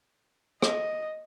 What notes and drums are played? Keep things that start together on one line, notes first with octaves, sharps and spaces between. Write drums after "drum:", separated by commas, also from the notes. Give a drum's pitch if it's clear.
D#5, drum: rim click